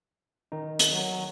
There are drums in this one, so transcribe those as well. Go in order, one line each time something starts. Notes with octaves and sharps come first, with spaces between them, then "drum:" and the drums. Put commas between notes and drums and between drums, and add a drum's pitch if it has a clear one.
D#3 D#4
drum: hi-hat
F#3